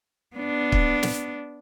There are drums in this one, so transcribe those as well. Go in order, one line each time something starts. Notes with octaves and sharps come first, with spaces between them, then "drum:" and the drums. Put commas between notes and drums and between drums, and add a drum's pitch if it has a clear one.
B3 D4
drum: kick
drum: snare